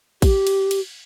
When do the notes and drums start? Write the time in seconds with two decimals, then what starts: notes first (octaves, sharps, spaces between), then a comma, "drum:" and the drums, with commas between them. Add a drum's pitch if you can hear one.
0.22 G4, drum: kick, cymbal
0.47 drum: cymbal
0.71 drum: cymbal